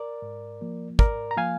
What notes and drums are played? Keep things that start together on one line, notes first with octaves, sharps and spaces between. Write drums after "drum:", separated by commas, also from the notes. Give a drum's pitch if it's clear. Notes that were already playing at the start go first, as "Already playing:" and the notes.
Already playing: A#4 D5
G#2
F3 A#3
G#2 A#4 D5, drum: kick
A#5
F3 A#3 F5 G#5